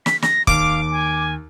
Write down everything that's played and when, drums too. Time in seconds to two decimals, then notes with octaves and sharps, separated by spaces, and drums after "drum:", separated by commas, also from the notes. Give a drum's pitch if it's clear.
0.06 B6, drum: snare
0.22 A#6, drum: snare
0.47 D#2 F5 D6, drum: kick
0.91 G#5